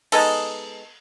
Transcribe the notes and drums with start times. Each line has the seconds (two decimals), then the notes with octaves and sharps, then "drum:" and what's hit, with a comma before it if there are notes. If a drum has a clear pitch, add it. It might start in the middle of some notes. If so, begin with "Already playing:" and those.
0.12 G#3 B3 D#4 A4, drum: cymbal